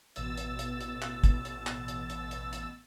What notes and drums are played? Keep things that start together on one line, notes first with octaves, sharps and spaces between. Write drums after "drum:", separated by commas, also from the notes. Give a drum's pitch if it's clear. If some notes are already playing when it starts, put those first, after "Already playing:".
A1 B2 E6 A6, drum: hi-hat
drum: hi-hat
drum: hi-hat
drum: hi-hat
drum: clap
drum: kick, hi-hat
drum: hi-hat
drum: clap
drum: hi-hat
drum: hi-hat
drum: hi-hat
drum: hi-hat